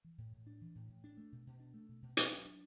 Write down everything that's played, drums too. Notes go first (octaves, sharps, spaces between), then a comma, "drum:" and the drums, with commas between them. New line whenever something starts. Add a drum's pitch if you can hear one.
E3
A2
A2
D4
E3
A2
A2
D4
A3
B2
B2
D4
A3
B2
B2
D4, drum: hi-hat
F#3
D4